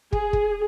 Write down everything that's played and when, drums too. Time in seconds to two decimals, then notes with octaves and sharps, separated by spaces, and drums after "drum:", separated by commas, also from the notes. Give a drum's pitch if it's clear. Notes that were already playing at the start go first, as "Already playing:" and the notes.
0.13 G#4, drum: kick
0.33 drum: kick